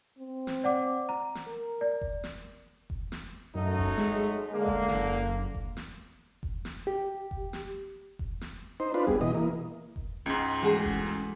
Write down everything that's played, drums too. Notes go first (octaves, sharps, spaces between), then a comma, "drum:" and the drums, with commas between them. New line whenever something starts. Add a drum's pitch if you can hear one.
C4
drum: snare
D5 F#5 D6
A#5
drum: snare
A#4
D5
drum: kick F1
drum: snare
drum: kick F1
drum: snare
F#2 F#3 A3 D#4
drum: kick F1
G#3, drum: snare
D3 A#3
drum: kick F1
F#1, drum: snare
drum: kick F1
drum: snare
drum: kick F1
drum: snare
G4
drum: kick F1
drum: snare
drum: kick F1
drum: snare
D#4 C5
D4 F4 B4
G3 B3 G#4, drum: kick F1
B2 E3 D#5
E3 A#3
drum: kick F1
C#2 G#2 C#4
E3 G#3 A3 F#4 G#4
drum: kick F1
drum: snare